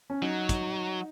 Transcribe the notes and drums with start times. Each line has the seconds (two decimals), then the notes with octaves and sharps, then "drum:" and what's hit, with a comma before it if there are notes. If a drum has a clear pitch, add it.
0.10 C#4
0.22 F#3 D#4
0.49 drum: kick, hi-hat